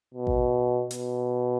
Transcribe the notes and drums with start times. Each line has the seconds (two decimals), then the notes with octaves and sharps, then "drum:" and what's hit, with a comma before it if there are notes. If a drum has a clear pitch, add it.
0.14 B2
0.27 drum: kick A1
0.91 B2, drum: hi-hat